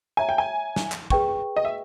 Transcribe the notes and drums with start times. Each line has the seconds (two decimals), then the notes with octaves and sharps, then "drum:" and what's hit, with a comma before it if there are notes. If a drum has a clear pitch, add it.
0.17 C#5 E5 G#5 A#5
0.29 G5
0.38 G#5
0.76 drum: snare
0.92 drum: clap
1.10 G#4 B4 G5 C#6, drum: kick
1.56 D#5
1.65 E5